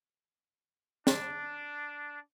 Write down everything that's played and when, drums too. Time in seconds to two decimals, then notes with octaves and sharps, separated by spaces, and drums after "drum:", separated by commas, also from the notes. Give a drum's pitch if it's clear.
1.07 D4, drum: snare